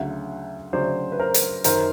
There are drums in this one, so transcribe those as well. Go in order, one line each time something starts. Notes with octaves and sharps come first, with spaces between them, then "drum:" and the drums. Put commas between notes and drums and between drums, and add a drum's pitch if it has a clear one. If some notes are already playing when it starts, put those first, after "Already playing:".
Already playing: D2 C#3 F#3 E5 F#5
D2 C#3 F#3 C5 D5
B4
A#4 C5
drum: hi-hat
F#2 D#3 F#3 A#4 C5, drum: hi-hat